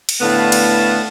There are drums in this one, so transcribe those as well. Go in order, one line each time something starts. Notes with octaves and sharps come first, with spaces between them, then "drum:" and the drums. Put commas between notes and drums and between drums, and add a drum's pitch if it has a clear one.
drum: cymbal
A2 D3 A3 B3 F5 A5
drum: cymbal